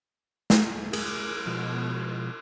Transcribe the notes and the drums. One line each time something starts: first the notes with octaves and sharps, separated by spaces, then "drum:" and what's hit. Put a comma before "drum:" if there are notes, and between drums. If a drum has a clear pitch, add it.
drum: snare
G#4 A#4, drum: cymbal
B2 F3 G#3